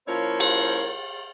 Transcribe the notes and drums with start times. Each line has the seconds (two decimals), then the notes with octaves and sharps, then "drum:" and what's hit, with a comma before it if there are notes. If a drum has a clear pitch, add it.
0.08 F3 A#3 C#4 E4 C5 C#5
0.40 drum: cymbal